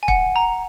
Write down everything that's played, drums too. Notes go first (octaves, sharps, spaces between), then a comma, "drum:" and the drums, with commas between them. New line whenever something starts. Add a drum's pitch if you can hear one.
G#5
F#5, drum: kick
A#5